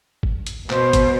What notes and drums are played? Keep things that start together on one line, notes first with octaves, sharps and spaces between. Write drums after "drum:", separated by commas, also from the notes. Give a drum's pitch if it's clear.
drum: kick G1
drum: hi-hat
B2 C5, drum: clap
drum: kick G1, hi-hat